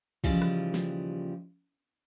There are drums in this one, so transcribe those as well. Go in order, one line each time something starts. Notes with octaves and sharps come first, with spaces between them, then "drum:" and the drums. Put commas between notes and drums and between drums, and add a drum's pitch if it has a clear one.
D#2 C#3 E3 F3 G3, drum: kick
drum: rim click
drum: snare